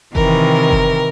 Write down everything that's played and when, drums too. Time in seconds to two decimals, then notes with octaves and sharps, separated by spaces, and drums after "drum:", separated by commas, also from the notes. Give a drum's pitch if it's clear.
0.15 C3 D#3 E3 A#4, drum: kick F#1
0.71 drum: kick F#1